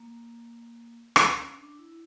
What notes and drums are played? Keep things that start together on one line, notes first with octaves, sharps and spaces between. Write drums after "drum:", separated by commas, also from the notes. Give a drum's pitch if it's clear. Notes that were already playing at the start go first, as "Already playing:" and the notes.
Already playing: A#3
drum: rim click
C#4
D4
E4